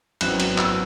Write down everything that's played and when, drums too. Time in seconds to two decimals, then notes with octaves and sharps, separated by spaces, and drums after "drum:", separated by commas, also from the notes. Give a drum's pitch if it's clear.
0.21 G#1 F#2 F#3 B3 E4 F#6, drum: cymbal
0.40 drum: cymbal
0.58 E6, drum: clap